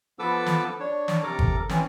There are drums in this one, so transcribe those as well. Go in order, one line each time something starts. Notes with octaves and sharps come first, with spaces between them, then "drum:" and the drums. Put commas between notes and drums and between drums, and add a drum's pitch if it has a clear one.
F3 B3 A4 B4 D6 E6
drum: snare
D4 C#5
drum: snare
C3 A4 A#4 A#5 D6
drum: kick G1
E3 C4 C#4, drum: snare